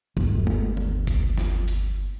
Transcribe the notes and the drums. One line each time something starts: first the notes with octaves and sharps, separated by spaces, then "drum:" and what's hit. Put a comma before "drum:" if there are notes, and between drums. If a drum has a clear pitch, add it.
G1 D#2, drum: kick A#1
drum: tom
drum: tom D3
drum: kick A#1, hi-hat
drum: snare
drum: hi-hat